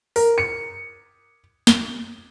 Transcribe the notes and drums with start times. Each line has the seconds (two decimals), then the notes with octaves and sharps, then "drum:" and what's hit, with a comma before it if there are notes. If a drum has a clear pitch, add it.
0.16 A#4, drum: open hi-hat
0.38 C#7
1.67 G7, drum: snare